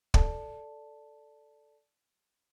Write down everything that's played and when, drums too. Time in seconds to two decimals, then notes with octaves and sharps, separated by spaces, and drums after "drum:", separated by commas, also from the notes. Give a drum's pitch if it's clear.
0.14 A4 D5 A5, drum: kick